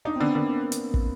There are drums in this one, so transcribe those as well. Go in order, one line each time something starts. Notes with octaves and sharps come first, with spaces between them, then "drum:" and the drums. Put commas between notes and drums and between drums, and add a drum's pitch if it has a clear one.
D4 D#4
C4
D3 B3
D3 A#3
drum: hi-hat
drum: kick